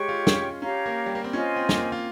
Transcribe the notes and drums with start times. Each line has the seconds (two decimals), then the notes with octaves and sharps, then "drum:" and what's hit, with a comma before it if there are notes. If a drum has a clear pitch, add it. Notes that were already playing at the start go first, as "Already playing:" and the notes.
Already playing: G#3 G4 C#5 G5 C#6
0.09 F4
0.27 C#4, drum: snare
0.62 C#4 G4 C#5 F5 A#5
0.86 A#3
1.06 G3
1.15 A#3
1.24 C4
1.33 C#4 F4 C5 D#5 G#5
1.56 C4
1.69 A#3, drum: snare
1.92 F4